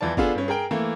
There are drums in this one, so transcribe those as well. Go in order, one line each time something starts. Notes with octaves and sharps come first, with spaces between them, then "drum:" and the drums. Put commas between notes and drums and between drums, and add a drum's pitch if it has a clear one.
E2 E3 F3 D5 A5
B3 D4 F4 G#4 A4, drum: kick G1
G2 C#4
G#4 A#4 G5
E3 A3 A#3